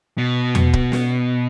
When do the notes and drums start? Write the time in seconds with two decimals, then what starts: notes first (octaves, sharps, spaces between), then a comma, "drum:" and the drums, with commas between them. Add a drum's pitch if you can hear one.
0.18 B2
0.55 drum: tom E2
0.73 drum: kick
0.92 drum: snare